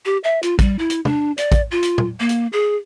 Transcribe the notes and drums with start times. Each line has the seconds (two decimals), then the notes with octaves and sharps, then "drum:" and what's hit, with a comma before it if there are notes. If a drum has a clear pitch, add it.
0.05 G4
0.24 E5
0.43 F4, drum: hi-hat
0.59 G3, drum: kick, hi-hat
0.79 E4
0.90 drum: hi-hat
1.05 D4, drum: tom
1.38 D5, drum: hi-hat
1.52 drum: kick, hi-hat
1.71 F4
1.83 drum: hi-hat
1.98 drum: tom A#2
2.20 A#3
2.29 drum: hi-hat
2.53 G#4